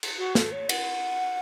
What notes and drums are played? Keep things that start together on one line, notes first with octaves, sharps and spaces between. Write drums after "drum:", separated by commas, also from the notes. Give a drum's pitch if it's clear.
drum: cymbal
F#4
A4, drum: snare
C#5
F#5, drum: cymbal